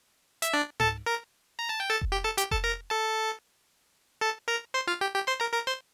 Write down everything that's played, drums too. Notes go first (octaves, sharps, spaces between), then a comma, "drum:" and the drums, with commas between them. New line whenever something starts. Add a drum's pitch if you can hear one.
E5, drum: hi-hat
D4 D5
A4 A5, drum: tom G#2
A#4 A#5
A#5
A5
G5
A4 A5
drum: kick F1
G4 G5
A4 A5
G4 G5, drum: hi-hat
A4 A5, drum: kick F1
A#4 A#5
A4 A5
A4 A5
A#4 A#5
C5 C6
F4 F5
G4 G5
G4 G5
C5 C6
A#4 A#5
A#4 A#5
C5 C6